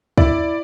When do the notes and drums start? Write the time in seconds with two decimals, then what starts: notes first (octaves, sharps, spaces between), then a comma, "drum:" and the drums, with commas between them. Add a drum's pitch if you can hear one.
0.18 E4 D5, drum: kick